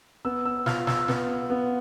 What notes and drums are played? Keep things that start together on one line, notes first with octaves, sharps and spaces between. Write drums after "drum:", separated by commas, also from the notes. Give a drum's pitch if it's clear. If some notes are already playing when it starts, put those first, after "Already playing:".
B3 E6
E6
F4 F6, drum: snare
E6, drum: snare
B3, drum: snare
B3